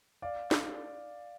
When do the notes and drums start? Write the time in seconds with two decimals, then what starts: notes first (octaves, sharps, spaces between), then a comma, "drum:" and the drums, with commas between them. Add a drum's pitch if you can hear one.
0.22 D5 F5
0.51 drum: snare